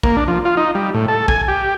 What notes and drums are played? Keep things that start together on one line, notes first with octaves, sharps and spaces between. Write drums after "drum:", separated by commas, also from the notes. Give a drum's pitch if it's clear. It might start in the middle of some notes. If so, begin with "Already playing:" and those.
A#3, drum: kick
D4
F3
F4
D#4
G3
A2
A4
G#5, drum: kick
G4